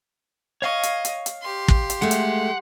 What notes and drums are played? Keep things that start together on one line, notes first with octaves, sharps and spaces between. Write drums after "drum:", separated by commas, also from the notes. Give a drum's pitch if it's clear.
C#5 D#5 F5 C#6
drum: hi-hat
drum: hi-hat
drum: hi-hat
G4 C6
drum: kick
drum: hi-hat
G#3 A3 F#5
drum: hi-hat